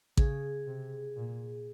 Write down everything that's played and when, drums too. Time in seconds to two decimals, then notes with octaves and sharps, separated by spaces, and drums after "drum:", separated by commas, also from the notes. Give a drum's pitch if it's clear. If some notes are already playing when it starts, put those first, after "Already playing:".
0.17 C#3 G#4, drum: kick A1
0.67 C3
1.16 A#2